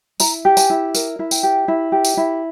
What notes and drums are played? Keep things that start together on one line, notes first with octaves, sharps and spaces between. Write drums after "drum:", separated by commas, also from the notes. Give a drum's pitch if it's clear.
E4 A#5, drum: tambourine
G4
G#5, drum: tambourine
E4
A#4, drum: tambourine
E4
G5, drum: tambourine
G4
E4
G4
drum: tambourine
E4